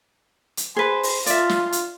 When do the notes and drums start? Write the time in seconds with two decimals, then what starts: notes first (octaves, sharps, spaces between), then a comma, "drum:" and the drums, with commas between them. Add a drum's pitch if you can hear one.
0.57 drum: hi-hat
0.77 G#4 B4 C5
1.03 drum: open hi-hat
1.26 F4 D5 E5, drum: hi-hat
1.49 drum: snare
1.72 drum: hi-hat